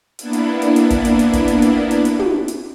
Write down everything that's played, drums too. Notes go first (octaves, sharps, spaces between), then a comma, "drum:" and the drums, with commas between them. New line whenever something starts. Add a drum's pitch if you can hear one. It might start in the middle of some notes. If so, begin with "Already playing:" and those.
A#3 B3 D4 E4, drum: hi-hat
drum: hi-hat
drum: hi-hat
drum: hi-hat
drum: kick, hi-hat
drum: hi-hat
drum: hi-hat
drum: kick, hi-hat
drum: hi-hat
drum: hi-hat
drum: hi-hat
drum: hi-hat
drum: tom
drum: hi-hat